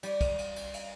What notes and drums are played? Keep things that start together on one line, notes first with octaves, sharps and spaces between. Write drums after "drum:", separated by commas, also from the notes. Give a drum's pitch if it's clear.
G3, drum: cymbal
drum: kick, cymbal
drum: cymbal
drum: cymbal
drum: cymbal